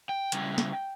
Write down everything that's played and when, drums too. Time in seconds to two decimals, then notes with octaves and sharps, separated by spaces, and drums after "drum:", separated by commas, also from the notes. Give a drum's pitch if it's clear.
0.09 G5
0.32 C#3 G3 C#4 E4, drum: hi-hat
0.58 drum: snare